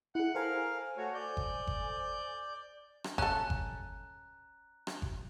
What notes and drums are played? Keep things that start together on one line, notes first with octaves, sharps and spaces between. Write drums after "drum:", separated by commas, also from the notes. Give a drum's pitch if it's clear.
E4 G#4 F#5 F#6
A4 A#4 C5 F5 G#5
A3 F#4 C#5
D5 G6
drum: kick G1
drum: kick G1
drum: rim click
C#4 A4 A#5 F#6, drum: kick G1
drum: kick G1
drum: rim click
drum: kick G1